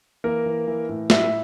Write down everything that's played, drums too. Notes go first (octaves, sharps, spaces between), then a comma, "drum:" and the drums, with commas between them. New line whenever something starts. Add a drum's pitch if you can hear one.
E3 A#3 A#4
E3
E3
A2
A2 E4 E5, drum: snare